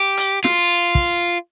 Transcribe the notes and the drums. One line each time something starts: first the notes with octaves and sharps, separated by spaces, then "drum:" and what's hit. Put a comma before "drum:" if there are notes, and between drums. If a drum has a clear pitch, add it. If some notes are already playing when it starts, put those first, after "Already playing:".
Already playing: G4
drum: hi-hat
F4, drum: snare
drum: kick